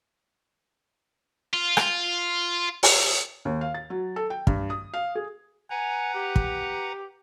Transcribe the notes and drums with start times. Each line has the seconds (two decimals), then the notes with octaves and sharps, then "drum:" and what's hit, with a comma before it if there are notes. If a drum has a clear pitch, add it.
1.54 F4
1.77 drum: rim click
2.83 drum: open hi-hat
3.45 D#2
3.61 F5
3.74 A6
3.90 F#3
4.16 A4
4.30 G5
4.47 G2, drum: kick
4.70 D#6
4.94 F5
5.15 G#4
5.70 B4 F#5 G#5 A#5
6.15 G4
6.36 drum: kick